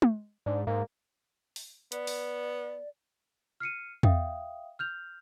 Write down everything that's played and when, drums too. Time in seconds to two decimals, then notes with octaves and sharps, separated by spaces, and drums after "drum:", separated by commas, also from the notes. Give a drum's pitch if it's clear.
0.02 drum: tom
0.46 G#2 D4
0.67 G#2 A#3
1.56 drum: open hi-hat
1.92 B3 D5, drum: hi-hat
2.07 drum: open hi-hat
3.60 F6 C7 C#7 D#7
4.03 E5 F5 G5 D#6, drum: tom E2
4.79 F6 G6 F7